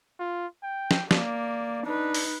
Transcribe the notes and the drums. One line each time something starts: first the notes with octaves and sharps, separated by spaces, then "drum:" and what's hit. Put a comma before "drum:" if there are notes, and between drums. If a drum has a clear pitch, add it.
F4
G5
drum: snare
A#3 D5, drum: snare
D4 D#4 B4
drum: open hi-hat